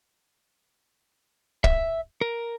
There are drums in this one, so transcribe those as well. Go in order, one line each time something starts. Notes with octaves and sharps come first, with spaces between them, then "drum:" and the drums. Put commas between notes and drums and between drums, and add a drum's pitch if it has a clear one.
E5, drum: kick
A#4